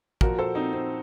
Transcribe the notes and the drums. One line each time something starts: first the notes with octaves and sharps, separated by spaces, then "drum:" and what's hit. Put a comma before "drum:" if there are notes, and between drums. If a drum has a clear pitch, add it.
A#2 F3 F#4 A#4, drum: kick
A4 C5
C4 D#4
C4